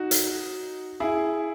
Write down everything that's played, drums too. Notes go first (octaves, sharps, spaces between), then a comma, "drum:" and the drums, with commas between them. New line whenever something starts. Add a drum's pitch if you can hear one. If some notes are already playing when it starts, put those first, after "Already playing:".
Already playing: D#4 F#4
drum: hi-hat
E4 G#4